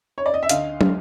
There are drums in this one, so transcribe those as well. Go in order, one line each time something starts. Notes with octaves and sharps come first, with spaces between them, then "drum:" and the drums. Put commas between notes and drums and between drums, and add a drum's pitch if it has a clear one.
C#5
D5
D#5
E5
D2 D#5 F5, drum: hi-hat
drum: tom